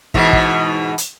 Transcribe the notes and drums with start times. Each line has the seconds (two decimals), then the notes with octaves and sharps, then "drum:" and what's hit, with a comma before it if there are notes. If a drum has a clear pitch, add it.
0.14 G#2 B2 E3, drum: kick
0.33 drum: kick
0.98 drum: hi-hat